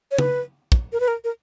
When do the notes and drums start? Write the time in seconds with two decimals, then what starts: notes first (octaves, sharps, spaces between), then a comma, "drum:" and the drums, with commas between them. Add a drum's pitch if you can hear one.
0.11 C#5
0.18 B4, drum: tom C#3
0.72 drum: kick
0.93 A#4
1.00 B4
1.08 A#4
1.24 A#4